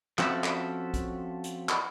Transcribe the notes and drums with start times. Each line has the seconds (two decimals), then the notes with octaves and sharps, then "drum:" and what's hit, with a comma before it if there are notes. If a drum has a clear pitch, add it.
0.19 F3 C4 C#4 F#4 A4 E5, drum: clap
0.44 drum: clap
0.94 drum: kick, hi-hat
1.44 drum: hi-hat
1.69 drum: clap